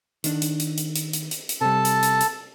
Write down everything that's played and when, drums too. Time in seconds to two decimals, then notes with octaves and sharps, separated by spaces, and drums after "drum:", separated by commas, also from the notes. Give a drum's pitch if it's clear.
0.24 D#3 D4, drum: hi-hat
0.42 drum: hi-hat
0.60 drum: hi-hat
0.78 drum: hi-hat
0.96 drum: hi-hat
1.13 drum: hi-hat
1.31 drum: hi-hat
1.49 drum: hi-hat
1.61 C3 G3 A4 A5
1.85 drum: hi-hat
2.03 drum: hi-hat
2.21 drum: hi-hat